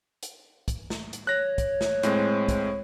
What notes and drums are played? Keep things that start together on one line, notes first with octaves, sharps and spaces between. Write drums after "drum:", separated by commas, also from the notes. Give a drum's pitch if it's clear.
drum: hi-hat
drum: kick, hi-hat
drum: snare
drum: hi-hat
C#5 F#6 A#6
drum: kick, hi-hat
drum: snare
A2 G#3 C4, drum: hi-hat
drum: kick, hi-hat